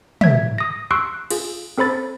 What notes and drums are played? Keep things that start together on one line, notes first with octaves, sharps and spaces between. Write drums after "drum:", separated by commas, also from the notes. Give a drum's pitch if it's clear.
E5 G#6, drum: tom
D#6 A#6
C6 C#6 E6 F#6 C7 D7
F4 G#4, drum: cymbal
C4 A4 C5 B5 A6